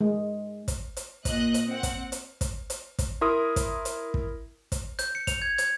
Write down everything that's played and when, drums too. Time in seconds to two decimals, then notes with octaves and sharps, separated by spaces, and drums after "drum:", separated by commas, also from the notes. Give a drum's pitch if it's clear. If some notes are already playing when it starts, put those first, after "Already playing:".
0.01 G#3
0.68 drum: kick, hi-hat
0.97 drum: hi-hat
1.25 A#2 D#5 F#6, drum: kick, hi-hat
1.54 drum: hi-hat
1.66 C4 F#5
1.83 drum: kick, hi-hat
2.12 drum: hi-hat
2.41 drum: kick, hi-hat
2.70 drum: hi-hat
2.99 drum: kick, hi-hat
3.21 E4 A#4 C6 D#6
3.56 drum: kick, hi-hat
3.85 drum: hi-hat
4.14 drum: kick
4.72 drum: kick, hi-hat
4.99 G6, drum: hi-hat
5.15 C#7
5.27 F7, drum: kick, hi-hat
5.42 G#6
5.58 G#6, drum: hi-hat